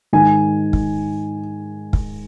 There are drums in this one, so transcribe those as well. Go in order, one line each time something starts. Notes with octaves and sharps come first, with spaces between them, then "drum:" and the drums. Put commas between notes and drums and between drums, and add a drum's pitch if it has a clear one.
G#2 D#3 G#5
drum: kick
drum: kick